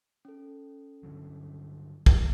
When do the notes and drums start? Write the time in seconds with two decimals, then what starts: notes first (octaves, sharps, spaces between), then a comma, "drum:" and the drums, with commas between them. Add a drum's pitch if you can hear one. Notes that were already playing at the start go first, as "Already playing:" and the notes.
0.25 C#4 A4
1.03 G2 D3 F#3
2.06 drum: kick